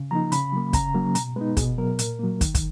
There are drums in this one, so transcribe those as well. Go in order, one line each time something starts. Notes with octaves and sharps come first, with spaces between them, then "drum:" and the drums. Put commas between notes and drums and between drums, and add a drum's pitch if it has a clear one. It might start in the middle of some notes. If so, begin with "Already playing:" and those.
Already playing: C#3
F3 A#3 D#4 A#5
C#3 B5, drum: hi-hat
F#3 A#3
C#3 A#5, drum: kick, hi-hat
F#3 A#3 C#4
B2 A#5, drum: hi-hat
G#3 B3 D#4 B4
B2 G#4, drum: kick, hi-hat
F#3 B3 A#4
A#2, drum: hi-hat
F#3 A#3
D#3, drum: kick, hi-hat
drum: kick, hi-hat